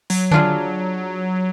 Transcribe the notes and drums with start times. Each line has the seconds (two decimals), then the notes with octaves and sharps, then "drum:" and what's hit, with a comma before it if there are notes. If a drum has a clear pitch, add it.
0.10 F#3, drum: open hi-hat
0.31 D4 F4 G#4, drum: tom D3